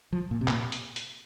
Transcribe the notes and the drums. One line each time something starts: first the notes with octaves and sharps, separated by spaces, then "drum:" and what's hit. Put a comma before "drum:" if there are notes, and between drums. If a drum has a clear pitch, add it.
F3
A#2
C3
A#2, drum: clap
drum: hi-hat
drum: hi-hat